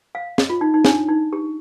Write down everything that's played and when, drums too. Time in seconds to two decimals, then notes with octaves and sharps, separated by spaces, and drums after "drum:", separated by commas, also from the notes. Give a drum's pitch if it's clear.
0.15 F5
0.38 D#5, drum: snare
0.50 F4
0.61 D#4
0.74 D#4
0.85 D4, drum: snare
1.09 D#4
1.33 G4